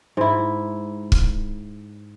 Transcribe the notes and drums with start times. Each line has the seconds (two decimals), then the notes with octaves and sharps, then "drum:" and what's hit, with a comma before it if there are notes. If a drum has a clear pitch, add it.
0.17 G#2 E4
1.12 drum: kick